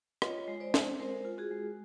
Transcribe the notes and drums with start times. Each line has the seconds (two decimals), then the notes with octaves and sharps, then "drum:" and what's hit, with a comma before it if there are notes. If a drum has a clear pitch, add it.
0.22 F4 C#5 D#5, drum: rim click
0.48 G#3
0.60 C5 D5
0.74 C4, drum: snare
0.99 G#3 A#4 C5
1.25 F4
1.38 F#4 G#4
1.51 G#3